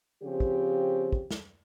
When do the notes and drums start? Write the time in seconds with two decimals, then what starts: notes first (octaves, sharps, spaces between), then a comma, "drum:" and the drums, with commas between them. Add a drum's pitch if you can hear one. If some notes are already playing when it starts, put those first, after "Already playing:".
0.22 C#3 F3 C4 G4
0.40 drum: kick
1.13 drum: kick
1.31 drum: snare